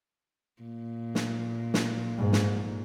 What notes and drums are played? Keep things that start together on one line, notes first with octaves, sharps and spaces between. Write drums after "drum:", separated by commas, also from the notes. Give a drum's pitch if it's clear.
A#2
drum: snare
drum: snare
G#2
drum: snare